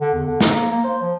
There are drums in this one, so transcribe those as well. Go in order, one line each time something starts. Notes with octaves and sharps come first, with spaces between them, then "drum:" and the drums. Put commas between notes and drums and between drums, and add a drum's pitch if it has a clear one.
D3
E2
D3
D#4, drum: snare
A#3
A#3
C5
F3